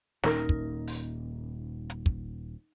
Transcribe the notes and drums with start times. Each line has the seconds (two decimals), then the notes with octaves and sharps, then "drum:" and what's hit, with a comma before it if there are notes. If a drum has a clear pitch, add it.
0.23 D#1 A#2 C#4 D#4 A#4, drum: snare
0.49 drum: kick
0.87 drum: open hi-hat
1.90 drum: hi-hat
2.06 drum: kick